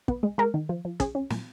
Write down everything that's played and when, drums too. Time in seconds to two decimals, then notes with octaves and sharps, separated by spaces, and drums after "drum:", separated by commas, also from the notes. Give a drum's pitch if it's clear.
0.08 B3, drum: kick
0.23 G#3
0.38 G#3 A#4
0.54 D#3
0.69 F3
0.85 F3
1.00 C#4 G#4, drum: kick, hi-hat
1.15 C#4
1.30 A#2, drum: snare